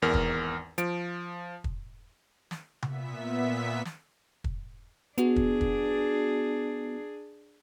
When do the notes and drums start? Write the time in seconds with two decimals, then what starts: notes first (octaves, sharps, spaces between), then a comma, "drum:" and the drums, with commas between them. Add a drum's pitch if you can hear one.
0.02 G#1 E2 A#4 F6
0.14 drum: kick
0.78 F3 D7, drum: hi-hat
1.64 drum: kick
2.51 drum: snare
2.82 A#2 B3 E5 B6, drum: tom C3
3.85 drum: snare
4.44 drum: kick
5.18 B3 D4 F#4 G#4, drum: hi-hat
5.36 drum: kick
5.61 drum: kick